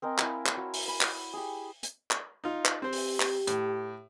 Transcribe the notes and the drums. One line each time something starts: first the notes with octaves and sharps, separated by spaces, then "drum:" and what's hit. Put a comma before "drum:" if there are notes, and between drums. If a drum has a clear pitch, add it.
C4 A#4 D#5 G#5
E4 F5, drum: clap
drum: clap
F#4 C#5 E6
drum: open hi-hat
B5
drum: clap
G4 G#4
drum: hi-hat
drum: clap
D#4 F4
drum: clap
C4 G4 C5
drum: open hi-hat
drum: clap
A2, drum: hi-hat